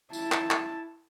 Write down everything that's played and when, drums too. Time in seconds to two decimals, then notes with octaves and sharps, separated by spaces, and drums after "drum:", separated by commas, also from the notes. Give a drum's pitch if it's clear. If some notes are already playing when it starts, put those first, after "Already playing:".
0.13 E4 A5, drum: tambourine
0.32 drum: clap
0.51 drum: clap